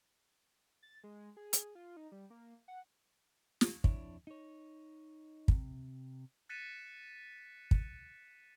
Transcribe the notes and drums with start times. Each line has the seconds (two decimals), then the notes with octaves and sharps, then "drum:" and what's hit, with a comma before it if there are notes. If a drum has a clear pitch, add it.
0.83 A6
1.04 G#3
1.37 G#4
1.53 drum: hi-hat
1.75 F4
1.97 D#4
2.12 G3
2.30 A#3
2.68 F#5
3.61 drum: snare
3.84 F2 D4 E4 C#5, drum: kick
4.27 D#4 C#5
5.48 C3, drum: kick
6.49 F#6 A6 B6 C#7 D#7 E7
7.71 drum: kick